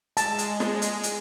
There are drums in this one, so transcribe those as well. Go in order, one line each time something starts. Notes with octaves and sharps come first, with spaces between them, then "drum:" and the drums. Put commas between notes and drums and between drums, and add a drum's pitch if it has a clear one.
G#3 A5, drum: hi-hat
drum: hi-hat
drum: snare
drum: hi-hat
drum: hi-hat